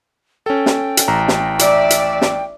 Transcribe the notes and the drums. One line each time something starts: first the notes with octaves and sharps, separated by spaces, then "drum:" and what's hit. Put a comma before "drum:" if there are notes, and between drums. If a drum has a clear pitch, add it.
C#4 A4 G5
drum: snare
drum: hi-hat
A1 A#5
drum: snare
D5 E5, drum: hi-hat
drum: hi-hat
drum: snare